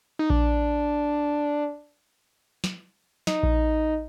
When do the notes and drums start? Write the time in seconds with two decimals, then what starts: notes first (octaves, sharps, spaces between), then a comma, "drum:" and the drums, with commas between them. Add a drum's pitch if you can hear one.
0.19 D#4
0.30 D4, drum: kick A#1
2.64 drum: snare
3.27 D#4, drum: snare
3.43 drum: kick A#1